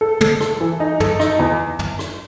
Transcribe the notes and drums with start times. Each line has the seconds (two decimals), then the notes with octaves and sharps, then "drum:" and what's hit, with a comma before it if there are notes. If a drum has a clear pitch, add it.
0.01 A4
0.21 A4, drum: tom
0.40 A4, drum: rim click
0.61 E3
0.80 D#4
1.00 A4, drum: tom
1.20 D#4, drum: rim click
1.39 E2
1.79 drum: tom
1.99 drum: rim click